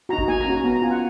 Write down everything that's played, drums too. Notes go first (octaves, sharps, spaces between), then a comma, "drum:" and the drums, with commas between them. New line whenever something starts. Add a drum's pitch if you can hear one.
D#4 F#4 A#5
drum: kick G1
A#3 G#5
A#5
C#4 F#4
B3 A#5
A#5
F4 G#5
F#5